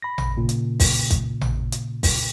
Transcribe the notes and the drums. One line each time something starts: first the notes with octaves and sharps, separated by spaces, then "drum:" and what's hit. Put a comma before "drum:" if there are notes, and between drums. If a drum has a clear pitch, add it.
B5 A#6
drum: tom A1
A#2 C#3
drum: hi-hat
drum: kick, open hi-hat
drum: kick, hi-hat
drum: tom A1
drum: hi-hat
drum: kick, open hi-hat